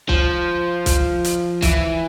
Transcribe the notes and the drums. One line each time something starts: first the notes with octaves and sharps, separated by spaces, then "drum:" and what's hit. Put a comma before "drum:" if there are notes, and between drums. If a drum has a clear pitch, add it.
F3, drum: kick B1
drum: kick B1, hi-hat
drum: hi-hat
E3, drum: kick B1, hi-hat